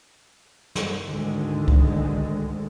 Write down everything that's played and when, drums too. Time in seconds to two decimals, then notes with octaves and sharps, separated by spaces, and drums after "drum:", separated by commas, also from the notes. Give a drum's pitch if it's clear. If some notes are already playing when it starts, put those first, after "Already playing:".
0.75 drum: snare
1.06 D2 G#2 D3 D#3 G#3
1.68 drum: kick C#2